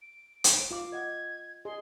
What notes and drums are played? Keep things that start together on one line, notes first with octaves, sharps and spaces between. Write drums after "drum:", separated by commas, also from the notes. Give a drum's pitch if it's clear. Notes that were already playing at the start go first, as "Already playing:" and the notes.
D7
drum: hi-hat
F4 F5 D6
D#5 F#5 G#6
G#4 D#5 C6